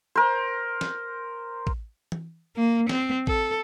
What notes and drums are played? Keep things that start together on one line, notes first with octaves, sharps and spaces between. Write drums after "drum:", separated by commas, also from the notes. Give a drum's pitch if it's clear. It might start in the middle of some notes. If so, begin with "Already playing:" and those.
A#4 C5
drum: snare
drum: kick
drum: tom E3
A#3
C4, drum: snare
A4, drum: kick